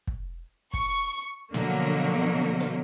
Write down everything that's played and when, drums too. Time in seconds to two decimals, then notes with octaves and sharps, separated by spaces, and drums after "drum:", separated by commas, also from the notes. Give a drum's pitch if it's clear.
0.07 drum: kick
0.74 C#6, drum: kick
1.54 B2 D3 F3 F#3 A#3, drum: snare
2.60 drum: hi-hat